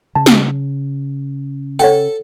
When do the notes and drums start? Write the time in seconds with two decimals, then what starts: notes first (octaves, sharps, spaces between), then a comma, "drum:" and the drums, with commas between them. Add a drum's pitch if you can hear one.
0.15 C#3 A5
0.26 drum: snare
1.79 A4 C#5 F#5 G5